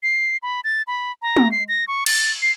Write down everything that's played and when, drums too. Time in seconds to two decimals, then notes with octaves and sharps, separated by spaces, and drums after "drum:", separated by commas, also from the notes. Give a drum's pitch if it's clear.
0.03 C7
0.43 B5
0.64 A6
0.87 B5
1.22 A#5
1.36 drum: tom
1.52 C7
1.68 A#6
1.88 C#6
2.06 A6, drum: cymbal
2.42 C7